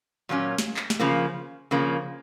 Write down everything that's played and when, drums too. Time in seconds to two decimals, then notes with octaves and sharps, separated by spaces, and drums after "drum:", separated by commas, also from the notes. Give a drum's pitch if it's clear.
0.29 A#2 F#3 A#3 C#4
0.58 drum: snare
0.76 drum: clap
0.90 drum: snare
0.99 C#3 F3 A#3
1.71 C#3 F3 A#3